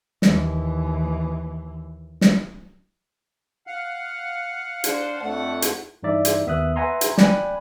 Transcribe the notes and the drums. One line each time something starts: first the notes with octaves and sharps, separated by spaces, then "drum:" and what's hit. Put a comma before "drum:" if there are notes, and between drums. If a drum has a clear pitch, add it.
D#2 E3, drum: snare
drum: snare
F5 F#5
D4 C5, drum: hi-hat
F2 A3 F#5
drum: hi-hat
G2 E3 D#4 D5 E5
drum: hi-hat
D#2 B3 E5 D#6 F#6
B4 E5 F#5 G#5 A#5 C6
drum: hi-hat
D5 G5 G#5 B5 F#6, drum: snare